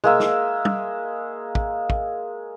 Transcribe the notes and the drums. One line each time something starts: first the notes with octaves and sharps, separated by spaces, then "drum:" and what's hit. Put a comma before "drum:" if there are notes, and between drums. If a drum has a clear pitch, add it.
G#3 A#3 E5, drum: tom B2
drum: snare
drum: tom
drum: kick
drum: kick